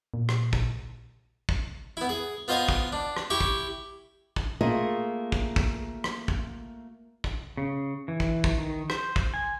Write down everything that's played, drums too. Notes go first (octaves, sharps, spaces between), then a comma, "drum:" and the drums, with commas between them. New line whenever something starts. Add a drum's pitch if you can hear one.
A#2
drum: rim click
drum: kick
drum: kick
B3 E4
G#4
B3 F4 C5 D#5 G#5 D#6
drum: kick
D4
drum: rim click
E4 G4 C#6
drum: kick
drum: kick
A3 A#3 F4 G#4 D#5
drum: kick
drum: kick
drum: rim click
drum: kick
drum: kick
C#3
E3
drum: kick
drum: kick
D#3
C5, drum: rim click
drum: kick
G#5